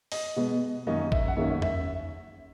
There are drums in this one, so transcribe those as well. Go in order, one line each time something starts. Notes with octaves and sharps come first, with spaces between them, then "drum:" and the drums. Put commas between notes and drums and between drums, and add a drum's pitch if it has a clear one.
D#5, drum: open hi-hat
B2 G#3 B3
F#2 D#3 A#3 C#4 D#5
E5, drum: kick
F#5
F#2 D#3 A#3 C#4 E5
E5, drum: tom E2